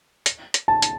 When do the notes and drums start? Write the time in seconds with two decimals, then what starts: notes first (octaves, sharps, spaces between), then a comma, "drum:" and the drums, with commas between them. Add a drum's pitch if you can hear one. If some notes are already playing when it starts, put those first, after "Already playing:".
0.26 drum: hi-hat
0.54 drum: hi-hat
0.68 A5
0.82 drum: hi-hat